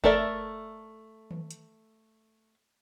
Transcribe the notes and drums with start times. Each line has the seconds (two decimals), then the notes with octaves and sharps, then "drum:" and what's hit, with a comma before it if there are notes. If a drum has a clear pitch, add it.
0.04 A3 A4 A#4 D5 E5, drum: kick F#1
1.31 drum: tom D#3
1.51 drum: hi-hat